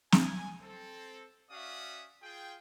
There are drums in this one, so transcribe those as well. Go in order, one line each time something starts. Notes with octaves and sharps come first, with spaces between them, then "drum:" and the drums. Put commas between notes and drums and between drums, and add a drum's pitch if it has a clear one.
G#5, drum: snare
C4 A4
C#4 F#4 D5 E5 F5 D#6
F4 G#4 G5